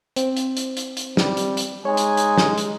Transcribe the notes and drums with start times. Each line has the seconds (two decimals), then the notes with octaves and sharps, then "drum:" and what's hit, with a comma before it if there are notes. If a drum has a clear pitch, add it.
0.16 C4, drum: hi-hat
0.37 drum: hi-hat
0.57 drum: hi-hat
0.77 drum: hi-hat
0.97 drum: hi-hat
1.17 G3, drum: snare
1.37 drum: hi-hat
1.57 drum: hi-hat
1.85 G#3 D#4 C#5 G#5
1.97 drum: hi-hat
2.17 drum: hi-hat
2.38 drum: snare
2.58 drum: hi-hat